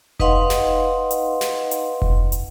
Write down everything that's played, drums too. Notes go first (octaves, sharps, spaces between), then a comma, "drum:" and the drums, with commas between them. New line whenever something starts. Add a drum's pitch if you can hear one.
D#4 B4 D#5 F5 F#5 C6, drum: kick F1
drum: snare
drum: hi-hat
drum: snare
drum: hi-hat
drum: kick F1
drum: hi-hat